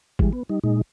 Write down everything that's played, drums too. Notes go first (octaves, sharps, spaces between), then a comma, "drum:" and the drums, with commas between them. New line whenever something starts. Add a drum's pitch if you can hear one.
E3 G3 G#3, drum: kick G#1
B3
G3 D#4
A#2 G#3 D#4